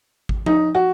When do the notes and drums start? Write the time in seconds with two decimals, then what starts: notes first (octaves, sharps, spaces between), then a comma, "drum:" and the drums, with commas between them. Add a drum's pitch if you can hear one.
0.29 drum: kick G#1
0.46 D#4, drum: tom F3
0.75 F#4